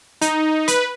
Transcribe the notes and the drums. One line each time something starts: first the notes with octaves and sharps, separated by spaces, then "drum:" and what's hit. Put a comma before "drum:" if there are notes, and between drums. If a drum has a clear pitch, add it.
D#4, drum: hi-hat
B4, drum: hi-hat